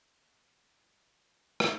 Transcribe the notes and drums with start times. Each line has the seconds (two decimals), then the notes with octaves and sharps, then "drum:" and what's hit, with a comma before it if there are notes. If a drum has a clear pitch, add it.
0.23 D6
0.75 D#5
1.26 A3
1.60 drum: rim click